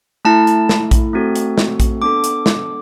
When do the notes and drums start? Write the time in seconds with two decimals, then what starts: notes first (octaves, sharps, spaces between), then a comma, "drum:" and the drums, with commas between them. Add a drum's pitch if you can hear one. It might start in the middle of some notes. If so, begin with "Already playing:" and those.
0.25 A3 E4 A4 A5
0.47 drum: hi-hat
0.69 drum: snare
0.91 drum: kick A#1, hi-hat
1.13 A3 C4 F#4 A4
1.36 drum: hi-hat
1.58 drum: snare
1.80 drum: kick A#1, hi-hat
2.02 B3 D4 A4 D6
2.24 drum: hi-hat
2.46 drum: snare